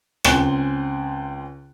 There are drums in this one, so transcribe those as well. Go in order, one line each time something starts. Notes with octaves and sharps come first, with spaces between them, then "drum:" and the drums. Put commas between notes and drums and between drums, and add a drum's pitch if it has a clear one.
C#2 C4 G#5 F#6 G7, drum: rim click